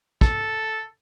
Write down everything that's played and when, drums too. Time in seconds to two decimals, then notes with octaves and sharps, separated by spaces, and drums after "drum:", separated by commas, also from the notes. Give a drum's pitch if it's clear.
0.21 A4, drum: kick